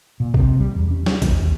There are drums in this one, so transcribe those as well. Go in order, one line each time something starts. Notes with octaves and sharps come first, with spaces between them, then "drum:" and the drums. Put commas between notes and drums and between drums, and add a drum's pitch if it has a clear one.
A#2
C3, drum: kick
G3
E2
C#4
G3, drum: snare
E2, drum: kick, hi-hat
D#2